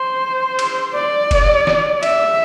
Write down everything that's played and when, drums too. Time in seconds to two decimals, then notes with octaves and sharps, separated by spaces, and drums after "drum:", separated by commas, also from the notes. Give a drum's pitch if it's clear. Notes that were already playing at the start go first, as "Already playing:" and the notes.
Already playing: C5
0.59 drum: cymbal
0.95 D5
1.31 drum: kick F1, cymbal
1.67 drum: snare
2.03 E5, drum: cymbal